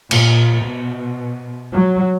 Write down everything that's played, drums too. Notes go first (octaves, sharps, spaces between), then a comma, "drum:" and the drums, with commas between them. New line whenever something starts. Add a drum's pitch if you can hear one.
A#2, drum: cymbal
B2
F#3